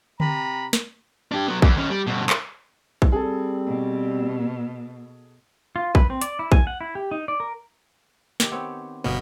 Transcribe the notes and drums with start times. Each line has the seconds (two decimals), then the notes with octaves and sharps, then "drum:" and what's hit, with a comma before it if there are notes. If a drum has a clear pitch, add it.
0.20 C3 A#5 B5, drum: tom D3
0.73 drum: snare
1.32 D4 G4
1.48 F#3 B3
1.62 E2, drum: kick A#1
1.76 D#3 C#4
1.90 G3
2.07 G2 B2
2.30 drum: clap
3.02 drum: kick A#1
3.12 G3 C4 G#4 A4
3.67 B2
5.76 F4
5.95 B4, drum: kick A#1
6.10 C4
6.22 D5, drum: hi-hat
6.39 E4
6.52 G#5, drum: kick A#1
6.67 F#5
6.81 E4
6.95 G4
7.11 D#4
7.28 D5
7.40 A#4
8.40 D#3 G4, drum: snare
8.52 B3 C4 C#5
9.04 G1 B2 B3 C#4 D#5 F5